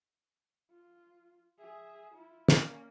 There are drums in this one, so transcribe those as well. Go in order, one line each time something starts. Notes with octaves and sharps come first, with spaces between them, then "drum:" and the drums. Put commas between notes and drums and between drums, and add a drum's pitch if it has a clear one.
F4
G#4 E5
E4 F4
A#3 C#4, drum: snare